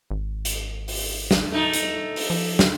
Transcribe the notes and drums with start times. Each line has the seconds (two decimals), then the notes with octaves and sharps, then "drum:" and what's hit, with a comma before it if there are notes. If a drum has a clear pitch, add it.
0.11 G#1
0.45 drum: hi-hat
0.88 drum: open hi-hat
1.31 drum: snare
1.52 A3 D#4
1.73 drum: hi-hat
2.16 drum: open hi-hat
2.30 F3
2.59 drum: snare